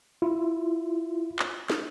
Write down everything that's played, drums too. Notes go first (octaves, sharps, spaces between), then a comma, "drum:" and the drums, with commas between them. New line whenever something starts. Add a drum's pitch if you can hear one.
E4 F4
drum: clap
drum: snare